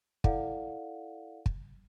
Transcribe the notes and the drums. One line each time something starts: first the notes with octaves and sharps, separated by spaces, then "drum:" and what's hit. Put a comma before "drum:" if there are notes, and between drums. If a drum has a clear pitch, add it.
E4 A4 D5 F5 F#5, drum: kick
drum: kick